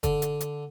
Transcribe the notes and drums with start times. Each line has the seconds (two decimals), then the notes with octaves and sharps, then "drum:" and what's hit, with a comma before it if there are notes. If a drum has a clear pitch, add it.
0.03 D3, drum: kick, hi-hat
0.22 drum: hi-hat
0.41 drum: hi-hat